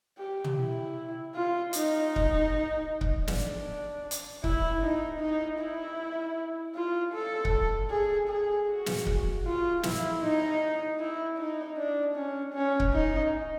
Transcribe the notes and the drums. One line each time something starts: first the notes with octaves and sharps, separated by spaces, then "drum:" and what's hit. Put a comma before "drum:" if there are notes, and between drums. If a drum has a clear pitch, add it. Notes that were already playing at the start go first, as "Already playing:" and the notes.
G4
drum: tom
E4
F4
D#4, drum: hi-hat
drum: kick C#1
drum: kick C#1
D4, drum: snare
drum: hi-hat
E4, drum: kick C#1
D#4
D#4
E4
F4
A4
drum: kick C#1
G#4
G#4
F#4
drum: snare
drum: kick C#1
F4
E4, drum: snare
D#4
E4
D#4
D4
C#4
C#4
drum: kick C#1
D#4